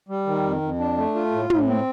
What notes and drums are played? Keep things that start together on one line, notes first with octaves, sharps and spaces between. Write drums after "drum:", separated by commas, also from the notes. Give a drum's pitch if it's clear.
G3
D#3
F2
F2
D4
A3
F4
A2
A2, drum: tom
C4